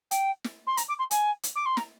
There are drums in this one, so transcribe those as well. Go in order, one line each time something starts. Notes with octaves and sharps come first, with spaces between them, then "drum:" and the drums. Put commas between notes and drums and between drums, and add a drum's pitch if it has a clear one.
G5, drum: hi-hat
drum: snare
C6
A#5, drum: hi-hat
D6
C6
G#5, drum: hi-hat
drum: hi-hat
D6
C6
A#5, drum: snare